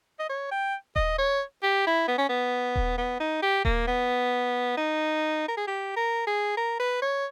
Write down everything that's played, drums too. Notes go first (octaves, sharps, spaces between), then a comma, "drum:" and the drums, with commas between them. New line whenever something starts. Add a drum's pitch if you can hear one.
D#5
C#5
G5
D#5, drum: kick D#1
C#5
G4
E4
B3
C#4
B3
drum: kick D#1
B3
D#4
G4
A#3, drum: kick D#1
B3
D#4
A#4
G#4
G4
A#4
G#4
A#4
B4
C#5